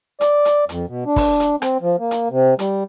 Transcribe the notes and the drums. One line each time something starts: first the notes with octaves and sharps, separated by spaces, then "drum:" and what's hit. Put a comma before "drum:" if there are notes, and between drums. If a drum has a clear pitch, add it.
D5, drum: hi-hat
drum: hi-hat
F2, drum: hi-hat
B2
D4
drum: kick, open hi-hat
drum: hi-hat
C4, drum: rim click
F3
A#3
drum: hi-hat
C3
G3, drum: hi-hat